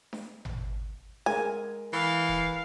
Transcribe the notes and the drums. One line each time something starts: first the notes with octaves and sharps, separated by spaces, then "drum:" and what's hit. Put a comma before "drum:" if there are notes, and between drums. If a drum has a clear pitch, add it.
drum: snare D4
drum: tom G#1
G#3 A#4 G#5, drum: snare D4
E3 F5
drum: kick D#1